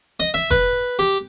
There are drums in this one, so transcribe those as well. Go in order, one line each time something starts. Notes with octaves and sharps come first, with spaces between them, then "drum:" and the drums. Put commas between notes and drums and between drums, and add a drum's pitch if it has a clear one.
D#5
E5
B4, drum: kick F1
G4